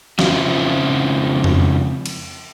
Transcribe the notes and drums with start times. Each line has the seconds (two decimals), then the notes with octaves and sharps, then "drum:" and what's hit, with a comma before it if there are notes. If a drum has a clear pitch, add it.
0.19 C#3 F3 C4 E4 F4, drum: snare
1.44 drum: tom F2
2.06 drum: cymbal